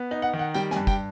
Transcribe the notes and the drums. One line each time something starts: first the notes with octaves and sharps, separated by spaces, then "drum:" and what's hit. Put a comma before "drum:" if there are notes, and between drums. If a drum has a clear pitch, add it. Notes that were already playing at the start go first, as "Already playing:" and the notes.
Already playing: B3
D#4
F#5
D#3
F#5
G3 G5, drum: tambourine
G#5, drum: snare
G2
G5, drum: kick, tambourine